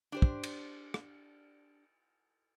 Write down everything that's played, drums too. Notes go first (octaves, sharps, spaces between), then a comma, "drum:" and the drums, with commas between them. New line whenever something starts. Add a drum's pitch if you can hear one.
D4 G4 C5
drum: kick
drum: cymbal
drum: rim click